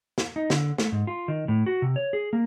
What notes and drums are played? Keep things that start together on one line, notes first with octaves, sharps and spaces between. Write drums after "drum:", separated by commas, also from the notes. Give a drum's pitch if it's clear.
drum: snare
D#4
D3, drum: snare
A3, drum: snare
G#2
F4
D#3
A2
F#4
C3
C#5
G#4
A#3